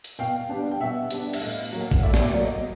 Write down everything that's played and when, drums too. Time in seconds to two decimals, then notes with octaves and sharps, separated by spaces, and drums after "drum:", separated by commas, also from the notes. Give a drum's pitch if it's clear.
0.04 drum: hi-hat
0.19 B2 F5 G5
0.49 G3 B3 D4
0.71 G5
0.80 B2 E5 F#5
1.11 G3 B3 D4, drum: hi-hat
1.33 E5, drum: cymbal
1.41 A2 D#5 F5
1.72 F#3 A#3
1.80 F#5
1.91 F5, drum: kick A1
2.02 A2 D5 E5
2.14 drum: snare
2.24 D5
2.34 F#3 A#3
2.43 D#5